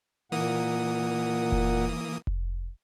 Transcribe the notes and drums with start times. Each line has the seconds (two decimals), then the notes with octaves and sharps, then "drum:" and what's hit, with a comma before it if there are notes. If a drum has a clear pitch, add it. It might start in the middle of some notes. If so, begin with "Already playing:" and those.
0.32 A#2 E3 A#3 F#5 D#6
1.52 drum: kick F1
2.27 drum: kick F1